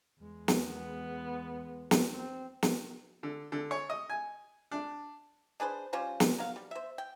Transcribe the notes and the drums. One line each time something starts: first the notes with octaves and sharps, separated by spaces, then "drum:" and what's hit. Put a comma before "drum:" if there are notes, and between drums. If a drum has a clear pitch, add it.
E2 G#3
drum: snare
B3
drum: snare
C4
drum: snare
D3
D3
C#5
D#5
G#5
D4
D4 G#4 B4 C5
G3 C#4 F4 C5
drum: snare
F#3 F5
G3
C5 E5
G5